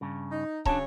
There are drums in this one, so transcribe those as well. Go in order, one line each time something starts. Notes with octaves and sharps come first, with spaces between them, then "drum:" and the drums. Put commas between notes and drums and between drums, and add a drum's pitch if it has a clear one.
G2 C#3
D#4
C#3 F#3 D4 C#5 A5, drum: kick